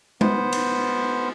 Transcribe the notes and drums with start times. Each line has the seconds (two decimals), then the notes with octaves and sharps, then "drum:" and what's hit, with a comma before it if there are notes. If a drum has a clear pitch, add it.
0.21 B3 C5, drum: tom G#3
0.52 drum: cymbal